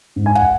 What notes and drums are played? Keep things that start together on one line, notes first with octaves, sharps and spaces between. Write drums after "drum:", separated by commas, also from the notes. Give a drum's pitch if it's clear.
G#2
G#5
F#5, drum: kick